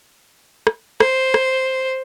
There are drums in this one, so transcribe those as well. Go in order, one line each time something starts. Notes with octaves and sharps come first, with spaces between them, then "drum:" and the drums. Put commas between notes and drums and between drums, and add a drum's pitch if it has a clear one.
drum: rim click
C5, drum: rim click
drum: rim click